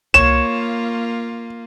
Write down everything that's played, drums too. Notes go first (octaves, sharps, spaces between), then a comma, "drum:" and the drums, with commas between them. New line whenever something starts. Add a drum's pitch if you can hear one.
A#3 F4 C#5 E7, drum: tom C2